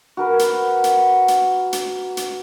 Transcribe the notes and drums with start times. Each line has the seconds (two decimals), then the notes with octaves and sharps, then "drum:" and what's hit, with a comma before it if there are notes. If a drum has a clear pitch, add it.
0.17 F#4 A#4 B4
0.39 drum: hi-hat
0.84 drum: hi-hat
1.28 drum: hi-hat
1.73 drum: hi-hat
2.17 drum: hi-hat